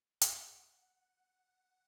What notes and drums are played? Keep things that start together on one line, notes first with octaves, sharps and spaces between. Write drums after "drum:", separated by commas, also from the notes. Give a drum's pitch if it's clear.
F#5, drum: hi-hat